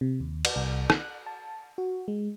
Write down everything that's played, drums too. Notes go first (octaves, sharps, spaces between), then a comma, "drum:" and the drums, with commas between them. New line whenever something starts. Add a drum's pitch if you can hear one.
C3
D#2
drum: cymbal
C2
F#6, drum: rim click
A5
F#4
G#3